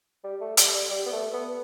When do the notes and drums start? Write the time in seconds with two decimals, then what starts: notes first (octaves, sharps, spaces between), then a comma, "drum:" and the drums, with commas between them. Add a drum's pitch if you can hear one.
0.24 G3
0.41 A3
0.57 G3, drum: hi-hat
0.74 G3
0.90 G3
1.06 B3
1.12 A3
1.34 B3